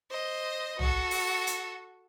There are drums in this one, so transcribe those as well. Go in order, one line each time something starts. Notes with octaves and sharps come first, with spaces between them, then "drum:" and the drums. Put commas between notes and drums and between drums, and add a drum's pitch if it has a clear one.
C5 D#5
F#4 A4, drum: tom
drum: open hi-hat
drum: hi-hat